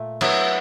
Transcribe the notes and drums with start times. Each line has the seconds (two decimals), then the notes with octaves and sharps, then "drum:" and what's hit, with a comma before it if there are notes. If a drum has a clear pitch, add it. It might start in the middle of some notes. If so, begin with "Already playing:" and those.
Already playing: A#2 A3
0.21 F#3 B3 E4, drum: cymbal